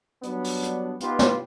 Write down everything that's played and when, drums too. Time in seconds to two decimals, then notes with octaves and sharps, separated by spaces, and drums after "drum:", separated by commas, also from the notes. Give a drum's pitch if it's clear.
0.23 F#3 G3 B3 D4, drum: hi-hat
0.44 drum: open hi-hat
0.63 drum: hi-hat
1.00 B3 D#4 F4 G4 B4, drum: hi-hat
1.19 drum: snare